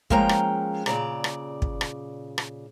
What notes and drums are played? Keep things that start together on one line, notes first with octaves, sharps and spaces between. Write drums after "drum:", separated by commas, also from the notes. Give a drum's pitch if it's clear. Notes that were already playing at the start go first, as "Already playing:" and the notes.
F3 G#3 A#3 C#4 G5 A#5, drum: kick
drum: rim click
A#2 C#3 D5 A#5, drum: rim click
drum: rim click
drum: kick
drum: rim click
drum: rim click